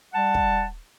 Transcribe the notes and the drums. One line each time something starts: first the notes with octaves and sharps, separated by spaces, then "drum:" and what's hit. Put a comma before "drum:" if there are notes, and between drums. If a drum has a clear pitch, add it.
G3 F#5 A5
drum: kick